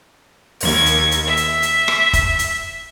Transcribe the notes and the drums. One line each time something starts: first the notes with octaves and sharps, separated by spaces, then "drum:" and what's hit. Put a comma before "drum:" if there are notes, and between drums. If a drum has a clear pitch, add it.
D#2 G#6, drum: open hi-hat
drum: hi-hat
drum: hi-hat
E5
drum: hi-hat
drum: hi-hat
drum: rim click
drum: kick, hi-hat
drum: hi-hat